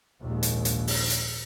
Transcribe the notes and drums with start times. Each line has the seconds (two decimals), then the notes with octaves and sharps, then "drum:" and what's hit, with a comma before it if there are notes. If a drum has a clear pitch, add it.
0.20 A#1 D#2 G#2
0.43 drum: hi-hat
0.65 drum: hi-hat
0.87 drum: open hi-hat
1.10 drum: hi-hat